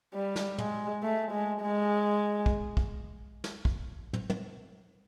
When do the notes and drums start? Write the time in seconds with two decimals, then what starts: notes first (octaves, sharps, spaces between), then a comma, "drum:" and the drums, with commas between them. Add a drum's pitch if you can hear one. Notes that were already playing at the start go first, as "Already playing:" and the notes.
0.14 G3
0.36 drum: snare
0.58 G#3, drum: tom
1.03 A3
1.32 G#3
1.62 G#3
2.46 drum: kick
2.77 drum: kick
3.44 drum: snare
3.65 drum: kick
4.13 drum: tom
4.30 drum: tom